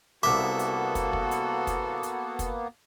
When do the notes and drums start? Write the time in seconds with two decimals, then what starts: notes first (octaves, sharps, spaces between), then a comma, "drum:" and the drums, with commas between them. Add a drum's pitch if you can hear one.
0.23 C2 A#3 B3 F#4 A4 E5 D6
0.59 drum: hi-hat
0.95 drum: kick, hi-hat
1.13 drum: kick
1.31 drum: hi-hat
1.67 drum: kick, hi-hat
2.03 drum: hi-hat
2.39 drum: kick, hi-hat